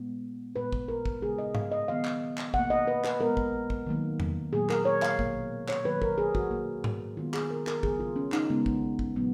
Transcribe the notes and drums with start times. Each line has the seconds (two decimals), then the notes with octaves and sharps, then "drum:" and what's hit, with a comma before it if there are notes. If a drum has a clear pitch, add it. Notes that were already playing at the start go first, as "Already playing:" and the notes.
Already playing: A#2 G#3 B3
0.56 A#2 G#3 B3 B4
0.72 drum: kick
0.88 A#4
1.06 drum: kick
1.22 C#3 G#3 B3 G#4
1.38 D#5
1.55 F5, drum: tom G#2
1.72 D#5
1.88 D#3 F#3 B3 F5
2.05 drum: clap
2.38 drum: clap
2.54 B2 F#5, drum: kick
2.59 A#3
2.70 D#5
2.87 B4
3.05 B4, drum: clap
3.21 A#2 G#3 B3 A#4
3.37 drum: kick
3.70 drum: kick
3.87 D#3 F#3 A#3
4.20 drum: tom E2
4.53 A#2 F#3 A#3 G#4
4.70 A#4, drum: clap
4.85 C#5
5.02 F5, drum: clap
5.19 B2 A#3, drum: kick
5.69 C#5, drum: clap
5.84 D#3 F#3 A#3 B4
6.02 A#4, drum: kick
6.18 G#4
6.35 F#4, drum: kick
6.51 B2 A#3
6.84 drum: tom G#2
7.17 D#3 G#3 B3 F4
7.34 G#4, drum: clap
7.50 A#4
7.67 A#4, drum: clap
7.83 C#3 F#3 B3 G#4, drum: kick
8.00 F4
8.16 C#4
8.32 D#4, drum: clap
8.50 C#3 G#3 B3
8.66 drum: kick
8.99 drum: kick
9.16 A#2 F#3 B3